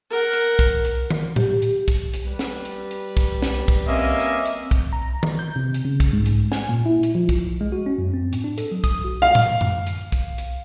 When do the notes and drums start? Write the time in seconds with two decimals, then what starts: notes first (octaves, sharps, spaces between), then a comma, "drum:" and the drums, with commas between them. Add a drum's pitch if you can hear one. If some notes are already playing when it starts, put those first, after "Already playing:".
0.11 A#4 F#5
0.33 drum: hi-hat
0.59 drum: kick, hi-hat
0.85 drum: hi-hat
1.10 drum: tom D#3
1.36 G4, drum: tom A2
1.62 drum: hi-hat
1.88 drum: kick, hi-hat
2.14 drum: hi-hat
2.24 G3 B4
2.39 drum: snare
2.65 drum: hi-hat
2.91 drum: hi-hat
3.17 drum: kick, hi-hat
3.42 drum: snare
3.68 drum: kick, hi-hat
3.88 A#3 C4 C#4 D#5 E5
4.20 drum: hi-hat
4.45 drum: hi-hat
4.71 drum: kick, hi-hat
4.93 A#5
5.23 drum: tom D#3
5.39 G6
5.56 C3
5.74 drum: hi-hat
5.85 C#3
6.00 drum: kick, hi-hat
6.13 G#2
6.26 drum: hi-hat
6.52 G#5, drum: snare
6.69 A#2
6.86 E4
7.03 drum: hi-hat
7.15 F3
7.29 drum: kick, hi-hat
7.61 G#3
7.72 F#4
7.86 C#4
7.98 F#2
8.14 C4
8.33 A2, drum: hi-hat
8.44 D4
8.58 A4, drum: hi-hat
8.72 F#3
8.84 D#6, drum: kick, hi-hat
9.04 F#4
9.22 F5
9.35 drum: tom A2
9.61 drum: tom F#2
9.87 drum: hi-hat
10.12 drum: kick, hi-hat
10.38 drum: hi-hat